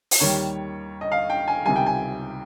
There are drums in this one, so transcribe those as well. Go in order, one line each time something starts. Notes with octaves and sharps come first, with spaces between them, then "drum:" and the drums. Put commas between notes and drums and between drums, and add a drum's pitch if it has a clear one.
drum: open hi-hat
D#2 D#3 G3 C#5
D#5
F5
G5
G#5
C#2 C3 D#3 G3 G#5
G5
G#5